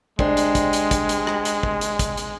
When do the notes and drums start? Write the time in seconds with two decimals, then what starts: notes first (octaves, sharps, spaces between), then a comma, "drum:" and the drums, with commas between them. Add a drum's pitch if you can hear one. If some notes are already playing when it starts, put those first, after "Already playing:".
0.19 G#3 D4 G4 C5, drum: kick
0.37 drum: hi-hat
0.55 drum: kick, hi-hat
0.73 drum: hi-hat
0.91 drum: kick, hi-hat
1.09 drum: hi-hat
1.27 drum: rim click
1.45 drum: hi-hat
1.63 drum: kick
1.81 drum: hi-hat
1.99 drum: kick, hi-hat
2.17 drum: hi-hat